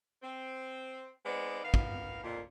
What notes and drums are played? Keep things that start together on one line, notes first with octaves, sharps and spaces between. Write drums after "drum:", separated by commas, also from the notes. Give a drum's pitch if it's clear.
C4
G#3 B3 C4 D#4 D5
D#3 B3 F5
drum: kick
F2 A#2